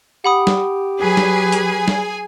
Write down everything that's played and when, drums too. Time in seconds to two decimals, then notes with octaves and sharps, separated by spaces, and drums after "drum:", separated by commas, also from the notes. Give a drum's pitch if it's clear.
0.24 G4 F#5 B5 D#6
0.47 drum: snare G3
1.00 F#3 G#4 B4 G#5
1.17 drum: snare G3
1.52 drum: hi-hat
1.88 drum: snare G3